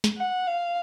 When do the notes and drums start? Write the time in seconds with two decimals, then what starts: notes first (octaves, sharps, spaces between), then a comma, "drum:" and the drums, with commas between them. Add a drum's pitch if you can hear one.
0.04 drum: snare
0.17 F#5
0.47 F5